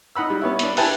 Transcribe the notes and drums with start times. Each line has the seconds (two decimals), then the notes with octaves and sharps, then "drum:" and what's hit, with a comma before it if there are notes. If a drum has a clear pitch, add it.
0.15 D#4 F#5 B5 E6
0.30 G3
0.41 B3 C#4 E4
0.59 B3 D4, drum: hi-hat
0.77 E4 G4 B4 E5 G#5 A5, drum: open hi-hat